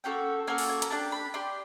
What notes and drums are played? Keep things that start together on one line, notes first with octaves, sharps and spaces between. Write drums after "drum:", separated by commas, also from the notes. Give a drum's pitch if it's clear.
A#3 C#4 F#4 A4 G5
A#3 C#4 F#4 A4 G#5
drum: open hi-hat
G#5
A#5, drum: hi-hat
D4 G4 A5
B5
D4 G4 C6